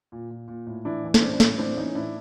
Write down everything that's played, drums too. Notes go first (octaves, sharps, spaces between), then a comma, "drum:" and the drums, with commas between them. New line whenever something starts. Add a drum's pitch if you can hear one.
A#2
A#2
A#2
A2
E3 D4 E4
E3
C#4, drum: snare
A2 C4 D4
D4
A2 C#4, drum: snare
E3 C4 D4
E3 C#4 D#4
A2 D4 E4